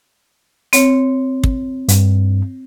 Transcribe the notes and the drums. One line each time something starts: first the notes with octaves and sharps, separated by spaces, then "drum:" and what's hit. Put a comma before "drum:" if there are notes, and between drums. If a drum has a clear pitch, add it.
C4 C#5, drum: hi-hat
drum: kick
G2, drum: hi-hat